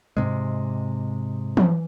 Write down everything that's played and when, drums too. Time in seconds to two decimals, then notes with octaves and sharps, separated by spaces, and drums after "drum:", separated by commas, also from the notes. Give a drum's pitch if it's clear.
0.17 G#2 C3 G#3
1.57 drum: tom E3